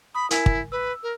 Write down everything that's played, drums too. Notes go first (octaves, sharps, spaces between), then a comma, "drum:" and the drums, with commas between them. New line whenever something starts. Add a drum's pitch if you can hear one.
B5 D#6
E4 A#4 G#5, drum: hi-hat
drum: kick
B4 E6
A#4